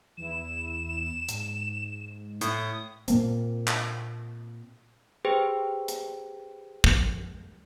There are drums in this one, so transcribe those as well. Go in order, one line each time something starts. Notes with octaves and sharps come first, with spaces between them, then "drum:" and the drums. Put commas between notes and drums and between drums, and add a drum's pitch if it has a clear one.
E2 E4 E7
G#2, drum: hi-hat
A2 D#6, drum: hi-hat
A#2 A#3 C4, drum: hi-hat
drum: clap
G4 G#4 B4 C5 G5
drum: hi-hat
drum: kick